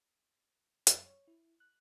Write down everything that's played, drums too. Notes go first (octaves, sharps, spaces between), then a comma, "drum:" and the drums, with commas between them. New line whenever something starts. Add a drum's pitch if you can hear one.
F#2, drum: hi-hat
C#5
E4
F#6